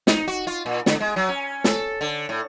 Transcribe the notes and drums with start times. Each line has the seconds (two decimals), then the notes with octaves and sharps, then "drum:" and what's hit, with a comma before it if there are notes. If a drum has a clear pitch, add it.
0.07 D#4, drum: snare
0.28 F#4
0.47 F4
0.66 A#2
0.86 D3, drum: snare
1.00 G#3
1.16 F#3
1.29 C#4
1.64 A4, drum: snare
2.01 D3
2.29 A2